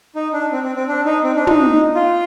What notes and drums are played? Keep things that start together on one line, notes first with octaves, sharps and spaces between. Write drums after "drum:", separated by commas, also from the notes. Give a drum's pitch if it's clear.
D#4
D4
C4
C4
C4
D4
D#4
C4
D4
D#4, drum: tom
F4